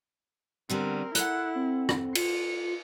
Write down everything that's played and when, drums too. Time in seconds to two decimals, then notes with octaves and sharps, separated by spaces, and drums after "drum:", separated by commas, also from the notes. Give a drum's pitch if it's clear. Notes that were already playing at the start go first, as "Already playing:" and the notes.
0.70 D3 G3 B3 C4 A#4
1.15 E4 A4 F#5 F#6, drum: hi-hat
1.55 C4
1.89 drum: rim click
2.15 F4 C#7, drum: cymbal